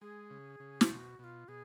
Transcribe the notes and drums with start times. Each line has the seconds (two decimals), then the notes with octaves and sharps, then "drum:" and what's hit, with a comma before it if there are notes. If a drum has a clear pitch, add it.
0.01 G#3 G#4
0.30 C#3
0.60 C#3
0.81 F4, drum: snare
0.89 B2 F#4
1.19 B2 F4 F#4
1.48 B2 G#4